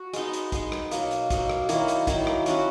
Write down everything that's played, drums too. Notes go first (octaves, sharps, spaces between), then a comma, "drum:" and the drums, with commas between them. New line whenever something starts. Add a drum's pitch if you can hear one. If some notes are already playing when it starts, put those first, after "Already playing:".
Already playing: F#4
G#3 B3 D#4, drum: hi-hat
drum: hi-hat
G#3 B3 D#4, drum: kick, hi-hat
drum: rim click
B2 F#3 A#3, drum: hi-hat
drum: hi-hat
B2 F#3 A#3, drum: kick, hi-hat
drum: rim click
D#3 F#3 A#3 E4, drum: hi-hat
drum: hi-hat
D#3 F#3 A#3 E4, drum: kick, hi-hat
drum: rim click
F#3 C#4 F#4 B4, drum: hi-hat